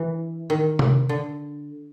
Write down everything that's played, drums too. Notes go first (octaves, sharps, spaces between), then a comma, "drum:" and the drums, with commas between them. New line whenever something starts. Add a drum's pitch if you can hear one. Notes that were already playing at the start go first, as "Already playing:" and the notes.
Already playing: E3
D#3
drum: tom C3
D3